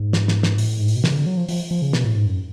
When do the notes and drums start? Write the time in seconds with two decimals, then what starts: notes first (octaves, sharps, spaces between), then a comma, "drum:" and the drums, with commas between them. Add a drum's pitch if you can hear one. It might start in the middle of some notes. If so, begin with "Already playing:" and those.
Already playing: G#2
0.13 drum: snare
0.28 drum: snare
0.43 drum: snare
0.58 A2, drum: open hi-hat
0.80 G#2
0.88 A2, drum: open hi-hat
0.96 B2
1.04 C#3, drum: snare
1.14 D3
1.26 F#3
1.37 F3
1.49 F3, drum: open hi-hat
1.71 F3
1.82 C#3
1.93 B2, drum: snare
2.04 A2
2.16 G#2
2.27 F#2